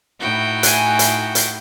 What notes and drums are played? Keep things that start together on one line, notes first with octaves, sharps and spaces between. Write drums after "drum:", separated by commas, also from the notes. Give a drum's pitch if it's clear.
A2 D#4 E4 F#4 G5
G#5 F#6, drum: hi-hat
drum: hi-hat
drum: hi-hat